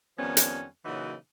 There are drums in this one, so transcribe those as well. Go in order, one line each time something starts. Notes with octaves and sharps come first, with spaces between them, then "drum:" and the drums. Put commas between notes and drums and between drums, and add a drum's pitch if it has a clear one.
F2 D#3 F3 G3 B3 C#4
drum: hi-hat
A#2 C#3 E3 F#3 D#4 F#4